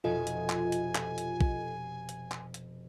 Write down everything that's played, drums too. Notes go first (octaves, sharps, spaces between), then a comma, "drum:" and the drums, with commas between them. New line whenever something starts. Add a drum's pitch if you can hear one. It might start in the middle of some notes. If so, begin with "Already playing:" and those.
F1 B2 F4 F#4 A4 D#5 G#5
drum: hi-hat
drum: clap
drum: hi-hat
drum: clap
drum: hi-hat
drum: kick A#1
drum: hi-hat
drum: clap
drum: hi-hat